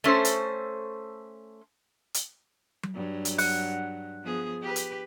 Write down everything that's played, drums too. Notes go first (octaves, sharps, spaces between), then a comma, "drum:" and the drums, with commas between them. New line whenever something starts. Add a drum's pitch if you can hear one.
A3 C#4 A4 C5, drum: snare
drum: hi-hat
drum: hi-hat
drum: tom F#3
G2 F#3
drum: hi-hat
F#5, drum: open hi-hat
F3 B3 G#4
G4 B4
drum: hi-hat